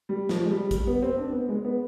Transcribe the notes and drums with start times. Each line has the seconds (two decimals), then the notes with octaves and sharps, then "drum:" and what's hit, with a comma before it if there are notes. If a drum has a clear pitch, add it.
0.09 G3
0.29 F3, drum: snare
0.44 G#3
0.51 G3
0.71 G3, drum: kick A1, hi-hat
0.87 B3
1.02 C4
1.18 D4
1.32 B3
1.49 G#3
1.64 B3